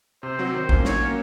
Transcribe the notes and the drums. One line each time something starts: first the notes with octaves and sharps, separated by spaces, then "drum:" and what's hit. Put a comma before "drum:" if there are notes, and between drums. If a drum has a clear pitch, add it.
C3 C5
F#3 C4 F#4
D#3 C5
A#3 C#4, drum: kick A1
F#3 C#5, drum: snare
A#3 C#4 F#4